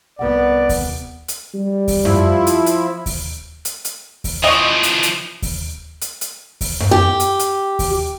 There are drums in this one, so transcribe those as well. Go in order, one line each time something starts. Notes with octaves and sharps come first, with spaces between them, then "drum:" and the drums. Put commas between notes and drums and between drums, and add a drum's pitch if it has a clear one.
C2 B3 D5 F#5
drum: kick D#2, open hi-hat
drum: hi-hat
G3
drum: kick D#2, open hi-hat
F3 E4, drum: tom F#2
drum: hi-hat
drum: hi-hat
drum: kick D#2, open hi-hat
drum: hi-hat
drum: hi-hat
drum: kick D#2, open hi-hat
E3 F3 D#5 C#6
drum: hi-hat
drum: hi-hat
drum: kick D#2, open hi-hat
drum: hi-hat
drum: hi-hat
drum: kick D#2, open hi-hat
drum: tom F#2
G4
drum: hi-hat
drum: hi-hat
drum: kick D#2, open hi-hat